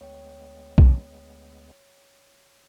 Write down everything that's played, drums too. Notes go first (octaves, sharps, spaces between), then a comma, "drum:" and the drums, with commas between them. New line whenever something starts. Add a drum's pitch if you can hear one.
D2 G#3 B3 C#5 G5
drum: kick B1